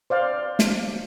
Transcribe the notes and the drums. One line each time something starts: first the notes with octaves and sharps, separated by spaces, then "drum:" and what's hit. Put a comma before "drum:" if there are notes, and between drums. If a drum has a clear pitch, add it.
C5 D5 F5
drum: snare